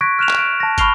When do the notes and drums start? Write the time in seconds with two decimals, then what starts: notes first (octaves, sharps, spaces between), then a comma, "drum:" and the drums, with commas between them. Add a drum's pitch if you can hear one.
0.01 C#6 F#6 G#6 A#6 B6 D7
0.19 F6 F#6 E7 F7
0.29 drum: clap
0.39 D7
0.60 A5 A#6
0.78 B5 C#6 F6 C7 F7 G7, drum: kick, hi-hat